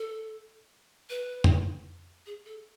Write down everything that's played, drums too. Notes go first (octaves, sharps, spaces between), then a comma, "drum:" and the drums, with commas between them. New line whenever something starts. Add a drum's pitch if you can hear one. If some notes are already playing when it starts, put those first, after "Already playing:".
Already playing: A4
B4
drum: tom F2
G#4
A4